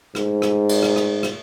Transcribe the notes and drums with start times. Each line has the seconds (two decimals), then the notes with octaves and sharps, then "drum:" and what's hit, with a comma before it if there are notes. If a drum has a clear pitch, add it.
0.15 G#2, drum: rim click
0.42 drum: rim click
0.69 drum: cymbal
0.83 drum: rim click
0.96 drum: rim click
1.23 drum: rim click